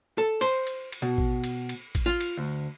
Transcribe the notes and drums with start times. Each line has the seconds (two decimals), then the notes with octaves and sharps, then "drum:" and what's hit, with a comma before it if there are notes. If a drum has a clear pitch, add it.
0.18 A4
0.41 C5, drum: cymbal
0.67 drum: cymbal
0.92 drum: cymbal
1.02 B2
1.18 drum: kick A1
1.44 drum: cymbal
1.69 drum: cymbal
1.95 drum: kick A1, cymbal
2.06 F4
2.20 drum: cymbal
2.37 D2